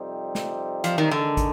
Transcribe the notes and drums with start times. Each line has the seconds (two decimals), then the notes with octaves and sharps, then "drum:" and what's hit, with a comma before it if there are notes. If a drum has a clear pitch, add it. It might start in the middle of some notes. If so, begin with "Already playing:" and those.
Already playing: F2 C3 G3 C4 D#4
0.35 drum: snare
0.84 F3, drum: hi-hat
0.98 D#3
1.11 D3 D#3 G#3 D#4
1.37 drum: kick, hi-hat